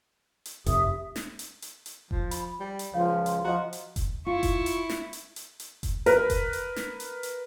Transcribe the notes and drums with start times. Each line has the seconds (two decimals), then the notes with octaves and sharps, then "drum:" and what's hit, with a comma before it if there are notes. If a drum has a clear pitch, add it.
0.45 drum: hi-hat
0.66 F1 G4 E5 D#6, drum: kick F1, hi-hat
1.16 drum: snare
1.39 drum: hi-hat
1.62 drum: hi-hat
1.86 drum: hi-hat
2.11 F3, drum: kick F1
2.31 B5, drum: hi-hat
2.60 G3
2.79 drum: hi-hat
2.94 C#2 F3 C#5 F5
3.26 drum: hi-hat
3.45 F3 F#4 D#5 F5 A#5
3.73 drum: hi-hat
3.96 drum: kick F1, hi-hat
4.26 E4 F4 C#6
4.43 drum: kick F1, hi-hat
4.66 drum: hi-hat
4.89 drum: snare
5.13 drum: hi-hat
5.36 drum: hi-hat
5.60 drum: hi-hat
5.83 drum: kick F1, hi-hat
6.06 A#4 B4, drum: hi-hat
6.30 drum: kick F1, hi-hat
6.53 drum: hi-hat
6.76 drum: snare
7.00 drum: hi-hat
7.23 drum: hi-hat